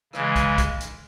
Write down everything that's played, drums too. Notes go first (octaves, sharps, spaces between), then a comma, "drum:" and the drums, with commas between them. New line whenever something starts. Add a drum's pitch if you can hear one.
C#3 E3 G#3, drum: rim click
drum: kick, hi-hat
drum: kick, hi-hat
drum: hi-hat